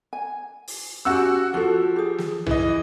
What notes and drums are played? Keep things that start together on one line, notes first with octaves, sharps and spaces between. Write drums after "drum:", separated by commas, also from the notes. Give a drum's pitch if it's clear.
G#5
drum: open hi-hat
C#4 F#4 G4 F#5 E6
F3 F#4 A4
G4 G#4
drum: snare
E3 D#5, drum: tom B1